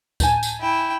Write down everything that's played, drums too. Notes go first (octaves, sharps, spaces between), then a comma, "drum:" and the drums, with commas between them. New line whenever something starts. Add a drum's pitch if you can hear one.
G#5 A5 G6, drum: kick D2, tambourine
drum: tambourine
E4 G5